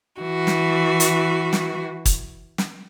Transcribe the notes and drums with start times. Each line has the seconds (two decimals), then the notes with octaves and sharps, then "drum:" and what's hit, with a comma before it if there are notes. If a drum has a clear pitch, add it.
0.21 E3 F#4
0.47 drum: snare
1.00 drum: hi-hat
1.53 drum: snare
2.05 drum: kick, hi-hat
2.58 drum: snare